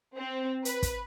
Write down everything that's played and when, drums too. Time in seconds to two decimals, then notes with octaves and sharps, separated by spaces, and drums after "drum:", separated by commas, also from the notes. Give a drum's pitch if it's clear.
0.16 C4
0.65 B4, drum: hi-hat
0.83 drum: kick, hi-hat